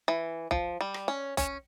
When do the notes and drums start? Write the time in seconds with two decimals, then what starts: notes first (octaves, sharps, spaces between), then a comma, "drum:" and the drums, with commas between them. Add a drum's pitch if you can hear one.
0.08 E3
0.51 F3, drum: kick B1
0.81 G3
0.94 drum: rim click
1.08 C#4
1.37 C#4, drum: kick B1, hi-hat